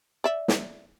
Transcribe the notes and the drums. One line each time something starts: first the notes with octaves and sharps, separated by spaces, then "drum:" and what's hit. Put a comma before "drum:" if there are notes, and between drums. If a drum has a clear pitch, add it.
D5 E5
drum: snare